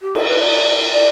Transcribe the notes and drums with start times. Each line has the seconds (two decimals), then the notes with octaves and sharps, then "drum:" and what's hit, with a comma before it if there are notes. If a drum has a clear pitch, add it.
0.01 G4
0.15 A4, drum: cymbal
0.27 B4
0.40 D5
0.91 D5